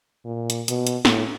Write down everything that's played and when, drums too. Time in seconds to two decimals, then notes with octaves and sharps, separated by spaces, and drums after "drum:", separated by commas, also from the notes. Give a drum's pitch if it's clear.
0.25 A#2
0.50 drum: hi-hat
0.68 B2, drum: hi-hat
0.87 drum: hi-hat
1.05 A2, drum: snare